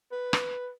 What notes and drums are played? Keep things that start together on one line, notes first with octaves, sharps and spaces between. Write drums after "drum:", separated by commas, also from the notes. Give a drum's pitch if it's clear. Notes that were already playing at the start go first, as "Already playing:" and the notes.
B4
drum: rim click